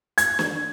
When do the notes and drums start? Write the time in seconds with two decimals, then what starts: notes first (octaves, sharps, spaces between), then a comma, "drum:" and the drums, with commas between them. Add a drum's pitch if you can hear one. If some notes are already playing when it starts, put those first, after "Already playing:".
0.18 G#6, drum: hi-hat
0.39 drum: snare